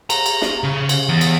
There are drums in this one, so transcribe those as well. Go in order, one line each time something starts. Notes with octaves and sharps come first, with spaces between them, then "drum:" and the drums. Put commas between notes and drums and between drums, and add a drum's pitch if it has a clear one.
A#5, drum: cymbal
drum: cymbal
drum: snare
C#3
drum: cymbal
E2
drum: cymbal